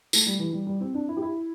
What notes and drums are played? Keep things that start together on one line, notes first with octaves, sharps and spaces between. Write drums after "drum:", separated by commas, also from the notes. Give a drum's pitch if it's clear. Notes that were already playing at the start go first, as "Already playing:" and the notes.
A3, drum: tambourine
G3
E3
G3
G3
C4
D4
E4
G4
E4